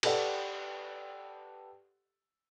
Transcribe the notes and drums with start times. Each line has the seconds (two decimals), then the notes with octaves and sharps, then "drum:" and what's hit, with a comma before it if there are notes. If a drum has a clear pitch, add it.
0.03 G4 A4 B4 D5 F#5 G5, drum: cymbal